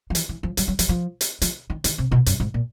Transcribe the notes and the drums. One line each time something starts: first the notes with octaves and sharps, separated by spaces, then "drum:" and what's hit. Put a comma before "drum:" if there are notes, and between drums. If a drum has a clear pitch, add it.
F3
E3, drum: hi-hat
E3
F3
F#3, drum: hi-hat
F#3
F3, drum: hi-hat
F3
drum: hi-hat
F3, drum: hi-hat
D#3
D#3, drum: hi-hat
C3
B2
F#2, drum: hi-hat
G#2
A#2